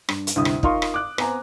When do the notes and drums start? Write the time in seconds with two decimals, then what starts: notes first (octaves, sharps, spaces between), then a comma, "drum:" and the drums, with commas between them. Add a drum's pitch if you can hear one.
0.09 G2, drum: rim click
0.27 drum: hi-hat
0.36 D2 G2 C3 E4 D#6
0.45 drum: rim click
0.63 D#4 F4 A#4 F5 C6 C#6, drum: kick
0.82 drum: rim click
0.94 D6 F#6
1.18 B3 C4 G#5 A#5, drum: rim click